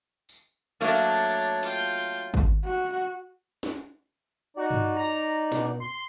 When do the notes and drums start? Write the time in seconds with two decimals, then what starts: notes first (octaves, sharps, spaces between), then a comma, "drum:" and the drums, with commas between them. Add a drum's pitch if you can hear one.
0.29 drum: tambourine
0.81 F#3 A3 A#3 D4 C#5
1.63 F4 G5, drum: hi-hat
2.34 drum: kick
2.65 F#4
3.63 drum: snare
4.57 D#4 F#4 D5
4.71 drum: tom G2
4.97 A#5
5.52 B2, drum: snare
5.80 C6